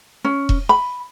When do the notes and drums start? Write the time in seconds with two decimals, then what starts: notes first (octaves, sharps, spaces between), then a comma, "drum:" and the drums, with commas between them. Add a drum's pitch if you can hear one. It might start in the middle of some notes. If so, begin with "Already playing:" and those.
0.24 C#4
0.49 drum: kick E1
0.69 B5